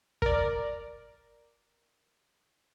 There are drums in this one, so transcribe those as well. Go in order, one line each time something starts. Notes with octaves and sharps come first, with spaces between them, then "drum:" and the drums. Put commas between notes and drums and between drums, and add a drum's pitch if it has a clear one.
A#4 D5, drum: kick